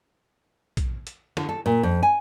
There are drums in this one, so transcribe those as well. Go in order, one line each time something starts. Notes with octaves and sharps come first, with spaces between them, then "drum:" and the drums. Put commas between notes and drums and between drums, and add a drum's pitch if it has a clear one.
drum: kick, hi-hat
drum: hi-hat
D3, drum: snare
A4
A#2
F2
G#5